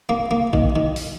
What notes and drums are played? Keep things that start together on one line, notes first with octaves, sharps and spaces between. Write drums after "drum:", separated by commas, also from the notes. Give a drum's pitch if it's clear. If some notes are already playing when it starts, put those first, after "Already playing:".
A#3
A#3
D#3, drum: kick A1
D#3
drum: open hi-hat